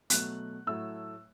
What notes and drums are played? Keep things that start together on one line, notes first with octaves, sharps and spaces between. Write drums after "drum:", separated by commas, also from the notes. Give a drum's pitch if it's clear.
B2 F#3 A3 F#6, drum: hi-hat
A2 F#3 A3 E6